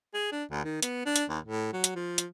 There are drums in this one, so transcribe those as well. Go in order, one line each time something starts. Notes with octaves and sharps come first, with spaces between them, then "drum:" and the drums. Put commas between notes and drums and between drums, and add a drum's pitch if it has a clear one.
G#4
D4
D2
D#3
B3, drum: hi-hat
D4
drum: hi-hat
D#2
A2
F#3
drum: hi-hat
F3
drum: hi-hat